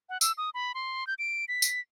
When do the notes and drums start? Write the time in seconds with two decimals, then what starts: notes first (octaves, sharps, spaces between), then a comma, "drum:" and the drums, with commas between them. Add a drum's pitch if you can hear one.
0.09 F#5
0.21 E6, drum: tambourine
0.38 D#6
0.54 B5
0.75 C6
1.07 G6
1.19 D7
1.48 B6
1.62 drum: tambourine